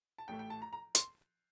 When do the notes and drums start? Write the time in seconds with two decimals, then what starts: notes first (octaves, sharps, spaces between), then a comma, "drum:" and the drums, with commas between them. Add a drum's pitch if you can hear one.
0.18 A5
0.28 A1 A2 A3 G5
0.39 G5
0.50 A5
0.62 A#5
0.73 A#5
0.95 C6, drum: hi-hat